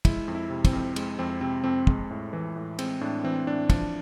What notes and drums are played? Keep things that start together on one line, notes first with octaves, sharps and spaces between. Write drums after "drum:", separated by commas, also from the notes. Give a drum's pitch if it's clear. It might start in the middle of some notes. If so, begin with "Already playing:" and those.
G#3 E4, drum: kick, cymbal
F2
E4
C3
C4, drum: kick, cymbal
F2
G#3, drum: cymbal
F2 C4
C3 C4
F2 C4
G#3, drum: kick
A2
E3
A2
G#3 C4, drum: cymbal
A2 D4
E3 C4
A2 D4
F3 D4, drum: kick, cymbal